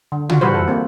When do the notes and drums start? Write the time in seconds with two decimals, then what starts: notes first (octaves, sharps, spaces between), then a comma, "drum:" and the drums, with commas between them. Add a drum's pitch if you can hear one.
0.12 D3
0.29 F4 F#4, drum: tom
0.41 E3 G3 F#4 B4 C5
0.54 A4
0.68 A#3 C4